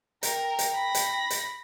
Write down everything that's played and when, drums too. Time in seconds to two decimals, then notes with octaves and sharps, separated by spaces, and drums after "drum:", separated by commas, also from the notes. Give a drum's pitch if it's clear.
0.23 A#4 G5, drum: hi-hat
0.59 drum: hi-hat
0.74 B5 A#6
0.95 drum: hi-hat
1.30 drum: hi-hat